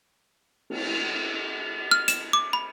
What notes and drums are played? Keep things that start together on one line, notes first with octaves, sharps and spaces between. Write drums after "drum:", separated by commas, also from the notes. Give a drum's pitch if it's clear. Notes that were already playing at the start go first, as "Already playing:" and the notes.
drum: cymbal
F6
E7, drum: hi-hat
D6
B5